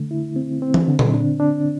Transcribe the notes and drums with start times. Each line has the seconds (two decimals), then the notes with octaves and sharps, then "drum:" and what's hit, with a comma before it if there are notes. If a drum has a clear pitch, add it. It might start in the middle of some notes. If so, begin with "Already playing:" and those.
Already playing: D3 A3
0.11 E4
0.36 C4
0.62 C4
0.74 drum: tom E3
0.88 D3
0.99 drum: tom A#2
1.14 D4
1.40 D4